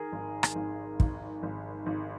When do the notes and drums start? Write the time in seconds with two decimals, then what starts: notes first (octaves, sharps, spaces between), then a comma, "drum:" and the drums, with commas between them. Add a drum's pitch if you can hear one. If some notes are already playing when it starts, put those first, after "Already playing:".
Already playing: D#3 G#4 A#4
0.12 G#1
0.43 drum: rim click
0.55 G#1
1.00 G#1, drum: kick
1.43 G#1
1.86 G#1